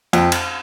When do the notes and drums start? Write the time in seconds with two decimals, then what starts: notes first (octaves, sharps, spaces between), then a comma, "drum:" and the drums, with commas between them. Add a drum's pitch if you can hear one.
0.13 F2, drum: cymbal
0.32 drum: cymbal